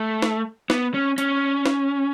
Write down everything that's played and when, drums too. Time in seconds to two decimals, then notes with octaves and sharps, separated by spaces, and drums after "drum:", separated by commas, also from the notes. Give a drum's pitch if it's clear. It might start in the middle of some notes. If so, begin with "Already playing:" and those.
Already playing: A3
0.22 drum: snare
0.70 B3, drum: snare
0.94 C#4
1.18 C#4, drum: hi-hat
1.66 drum: snare